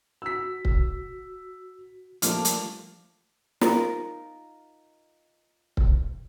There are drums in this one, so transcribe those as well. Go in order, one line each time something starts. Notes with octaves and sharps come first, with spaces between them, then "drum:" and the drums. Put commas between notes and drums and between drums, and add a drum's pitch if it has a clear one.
F#4 E6 B6
drum: kick C#1
F3 G3 A3 A#3 D4 A5 D6 F6, drum: hi-hat
drum: hi-hat
D#4 F4 A#4 F5, drum: snare
drum: kick C#1